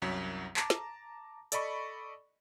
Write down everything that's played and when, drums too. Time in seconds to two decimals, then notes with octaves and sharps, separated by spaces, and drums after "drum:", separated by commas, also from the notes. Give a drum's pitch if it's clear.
0.02 C2 F#2 F#3 B6
0.57 A5 A#5 D6, drum: clap
0.70 drum: snare
1.52 A4 D5 D#5 B5 C#6, drum: hi-hat